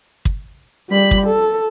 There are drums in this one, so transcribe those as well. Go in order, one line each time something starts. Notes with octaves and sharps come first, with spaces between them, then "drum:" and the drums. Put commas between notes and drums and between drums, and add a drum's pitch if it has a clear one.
drum: kick
G3 B5
drum: kick
A4